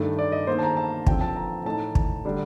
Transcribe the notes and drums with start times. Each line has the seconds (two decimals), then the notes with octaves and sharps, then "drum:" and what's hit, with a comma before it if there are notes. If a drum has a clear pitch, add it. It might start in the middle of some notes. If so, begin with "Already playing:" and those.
Already playing: G2 D#3 A3
0.19 D5
0.32 D#5
0.47 D#3 A#3 D4 C5
0.59 A5
0.63 A#5
0.77 A5
1.06 D3 F3 C4 G5, drum: kick
1.21 A5
1.36 A#5
1.65 A2 A3 D#4 A5
1.95 drum: kick
2.25 D3 G3 D4